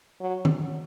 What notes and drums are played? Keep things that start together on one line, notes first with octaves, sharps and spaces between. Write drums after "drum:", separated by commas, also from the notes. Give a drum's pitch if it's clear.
F#3
drum: tom D#3